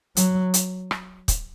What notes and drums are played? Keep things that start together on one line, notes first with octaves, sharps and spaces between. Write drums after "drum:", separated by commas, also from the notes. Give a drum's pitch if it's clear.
F#3, drum: hi-hat
drum: hi-hat
drum: rim click
drum: kick, hi-hat